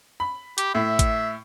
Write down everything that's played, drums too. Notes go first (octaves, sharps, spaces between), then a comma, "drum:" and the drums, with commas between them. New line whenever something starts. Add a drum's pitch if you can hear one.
B5
G4, drum: hi-hat
A2 E5
drum: kick G#1, hi-hat